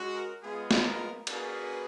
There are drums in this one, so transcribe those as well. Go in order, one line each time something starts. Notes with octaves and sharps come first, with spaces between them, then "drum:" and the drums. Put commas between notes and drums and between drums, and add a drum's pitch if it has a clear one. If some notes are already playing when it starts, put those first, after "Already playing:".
Already playing: G#3 C#4 F#4
A#4
G#3 B3 F4 G#4
drum: snare
A#4
A#3 C#4 F#4 G#4 B4, drum: cymbal